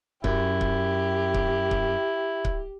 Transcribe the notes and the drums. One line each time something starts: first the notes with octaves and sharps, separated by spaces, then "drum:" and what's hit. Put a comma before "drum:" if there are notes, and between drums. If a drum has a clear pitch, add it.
F#2 E4 G4, drum: kick C#1
drum: kick C#1
drum: kick C#1
drum: kick C#1
drum: kick C#1